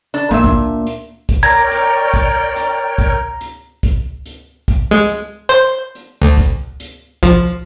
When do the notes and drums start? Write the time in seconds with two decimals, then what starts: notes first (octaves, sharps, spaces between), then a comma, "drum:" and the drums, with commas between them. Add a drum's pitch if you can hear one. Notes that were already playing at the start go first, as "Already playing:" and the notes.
0.14 D4
0.31 A1 A#2 A#3 E5
0.44 A#3 D4, drum: kick, hi-hat
0.86 drum: hi-hat
1.29 drum: kick, hi-hat
1.43 A#4 C#5 D5 G5 A#5 G#6
1.71 drum: hi-hat
2.14 drum: kick, hi-hat
2.56 drum: hi-hat
2.98 drum: kick, hi-hat
3.41 drum: hi-hat
3.83 drum: kick, hi-hat
4.26 drum: hi-hat
4.68 drum: kick, hi-hat
4.91 G#3
5.10 drum: hi-hat
5.49 C5
5.95 drum: hi-hat
6.22 D2
6.38 drum: kick, hi-hat
6.80 drum: hi-hat
7.23 F3, drum: kick, hi-hat